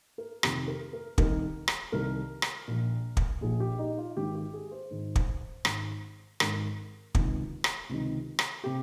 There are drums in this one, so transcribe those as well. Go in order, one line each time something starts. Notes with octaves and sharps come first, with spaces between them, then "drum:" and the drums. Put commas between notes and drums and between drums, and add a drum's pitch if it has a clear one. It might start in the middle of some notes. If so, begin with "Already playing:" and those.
A#4
F1 F2 C3 D#3 G4, drum: rim click
A#4
A#4
C2 C3 D#3 A#4, drum: kick
drum: rim click
C2 C3 D#3 A#4
drum: rim click
A#1 A#2
drum: kick
A#1 A#2 G#4
G4
D#4
F4
G#1 G#2 D#3 G4
G4
G#4
C5
G#1 G#2 D#3
drum: kick
G#1 G#2 D#3, drum: rim click
G#1 G#2 D#3 A#4, drum: rim click
C#2 C3 D#3, drum: kick
drum: rim click
C#2 C3 D#3
drum: rim click
C3 G4